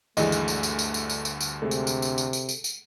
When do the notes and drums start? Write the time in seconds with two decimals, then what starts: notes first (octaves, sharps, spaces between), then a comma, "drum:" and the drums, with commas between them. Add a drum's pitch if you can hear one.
0.17 D2 G2 D3 E3 G#3 A3 D#5, drum: tambourine
0.32 drum: tambourine
0.48 drum: tambourine
0.63 drum: tambourine
0.79 drum: tambourine
0.94 drum: tambourine
1.10 drum: tambourine
1.25 drum: tambourine
1.40 drum: tambourine
1.62 C3 G#3 A3
1.71 drum: tambourine
1.87 drum: tambourine
2.02 drum: tambourine
2.18 drum: tambourine
2.33 drum: tambourine
2.49 drum: tambourine
2.64 drum: tambourine